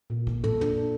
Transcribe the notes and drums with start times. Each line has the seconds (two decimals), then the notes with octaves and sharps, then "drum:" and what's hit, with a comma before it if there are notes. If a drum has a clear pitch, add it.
0.10 A#2
0.27 drum: kick A#1
0.44 A4, drum: tom
0.61 D4, drum: tom